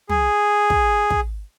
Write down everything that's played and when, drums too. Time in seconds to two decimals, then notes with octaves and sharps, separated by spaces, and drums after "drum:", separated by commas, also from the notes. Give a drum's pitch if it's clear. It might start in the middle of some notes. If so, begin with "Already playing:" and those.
0.09 G#4, drum: tom
0.70 drum: kick
1.10 drum: kick